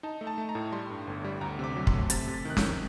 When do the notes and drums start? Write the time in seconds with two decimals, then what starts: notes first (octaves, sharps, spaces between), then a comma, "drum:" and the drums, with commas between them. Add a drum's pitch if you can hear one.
0.03 D#4 A5
0.21 A3
0.27 A5
0.38 A3
0.49 A#5
0.55 A2
0.72 G3 C6
0.90 G2
1.07 G1
1.24 G3
1.41 D2 A#5
1.59 C3 D6
1.76 F#3
1.87 C6, drum: kick
1.93 A3
2.10 C3 A6, drum: hi-hat
2.28 C3
2.34 A6
2.45 D#3 F#6
2.57 G6, drum: snare
2.62 D#3